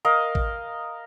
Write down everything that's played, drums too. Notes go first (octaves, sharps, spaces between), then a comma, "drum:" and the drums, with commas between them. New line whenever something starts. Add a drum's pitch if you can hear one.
A#4 D#5 F5
drum: kick A1